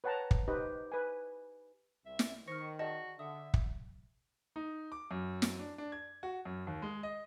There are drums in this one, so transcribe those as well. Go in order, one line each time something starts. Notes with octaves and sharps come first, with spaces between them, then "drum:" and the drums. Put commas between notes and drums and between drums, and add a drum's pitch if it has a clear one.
B4 C#5 F#5 G5 A5 A#5
drum: kick
D#4 G4 B4 C5 D#5
B4 G#5
C2 E5
drum: snare
D#3 C5 C#6 F6 A#6
F#4 G#4 D5 D#5 A5
D3 E5 F#5 D#6
drum: kick
D#4
D6
F#2
drum: snare
D4
D4
G#6
F#4
F#2
D#2
G#3
D#5